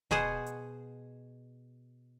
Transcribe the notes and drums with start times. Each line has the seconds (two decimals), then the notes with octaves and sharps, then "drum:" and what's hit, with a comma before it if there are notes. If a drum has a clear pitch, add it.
0.11 B2 G#4 C5 F#5, drum: snare D1
0.46 drum: hi-hat